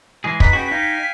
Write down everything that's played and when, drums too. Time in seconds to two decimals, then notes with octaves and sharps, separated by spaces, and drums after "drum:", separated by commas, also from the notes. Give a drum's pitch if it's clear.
0.24 E3 G#3 G#4
0.40 D#4 B4 D#5 B6, drum: kick
0.53 C#4 F#4 G#4 B4 G5
0.71 D#4 F5 G5 G#5